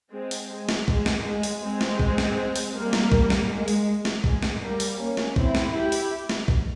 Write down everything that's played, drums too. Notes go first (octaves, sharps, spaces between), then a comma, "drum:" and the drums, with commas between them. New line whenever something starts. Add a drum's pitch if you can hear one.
G#3 C4
drum: open hi-hat
G#3
drum: snare
G#3, drum: kick
drum: snare
G#3
drum: open hi-hat
G#3 C4
drum: snare
drum: kick
drum: snare
drum: open hi-hat
G3 A#3
drum: snare
drum: kick
drum: snare
G#3
drum: open hi-hat
drum: snare
G#3, drum: kick
drum: snare
G3 A#3
drum: open hi-hat
A#3 C#4
drum: snare
C4 E4, drum: kick
drum: snare
E4 G4
drum: open hi-hat
drum: snare
drum: kick